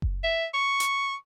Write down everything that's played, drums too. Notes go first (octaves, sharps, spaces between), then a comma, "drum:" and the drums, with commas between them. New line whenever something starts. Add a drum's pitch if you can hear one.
drum: kick F#1
E5
C#6
drum: hi-hat